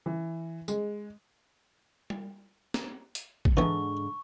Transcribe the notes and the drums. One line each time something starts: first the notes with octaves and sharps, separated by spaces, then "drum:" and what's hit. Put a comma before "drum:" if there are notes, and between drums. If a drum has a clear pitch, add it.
E3
G#3, drum: tambourine
drum: tom G3
drum: snare
drum: hi-hat
drum: kick
G#2 D3 E3 B3 C#6